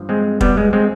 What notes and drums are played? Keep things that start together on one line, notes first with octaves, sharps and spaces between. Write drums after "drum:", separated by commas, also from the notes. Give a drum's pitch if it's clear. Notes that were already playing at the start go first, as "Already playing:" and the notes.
Already playing: G2 F3
G#3 C4
G3 B3, drum: kick
G#3
G#3 C4